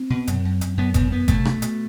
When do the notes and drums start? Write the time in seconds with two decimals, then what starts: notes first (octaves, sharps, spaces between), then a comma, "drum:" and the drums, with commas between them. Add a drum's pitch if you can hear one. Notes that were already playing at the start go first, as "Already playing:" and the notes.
Already playing: C4
0.10 B2
0.27 F#2, drum: hi-hat
0.45 F#2
0.61 F#2, drum: hi-hat
0.77 F#2 B3
0.94 F#2 B3, drum: kick G1, hi-hat
1.12 F#2 B3
1.28 C2 A3, drum: kick G1, hi-hat
1.45 B2, drum: rim click
1.62 B2, drum: hi-hat